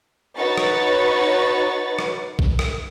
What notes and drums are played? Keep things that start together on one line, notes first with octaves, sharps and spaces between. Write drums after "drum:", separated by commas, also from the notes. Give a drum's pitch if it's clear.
D#4 F#4 B4 C#5 C#6 A6
drum: rim click
drum: rim click
drum: kick A#1
drum: rim click